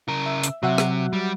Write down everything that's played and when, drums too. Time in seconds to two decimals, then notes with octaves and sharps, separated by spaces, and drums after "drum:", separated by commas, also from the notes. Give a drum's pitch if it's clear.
0.08 C#3 A#4
0.26 E5
0.43 drum: hi-hat
0.63 C3 F#3 E5 F#5
0.78 drum: rim click
1.13 G3